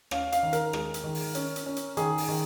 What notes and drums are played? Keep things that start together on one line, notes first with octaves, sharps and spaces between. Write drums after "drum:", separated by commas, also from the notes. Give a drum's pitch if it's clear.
C#4 F5, drum: rim click
F5, drum: hi-hat
D#3
A#4, drum: hi-hat
G#3, drum: rim click
drum: hi-hat
D#3
drum: open hi-hat
C#4, drum: hi-hat
drum: hi-hat
C#4
drum: hi-hat
D#3 G#4, drum: hi-hat
drum: open hi-hat
D#3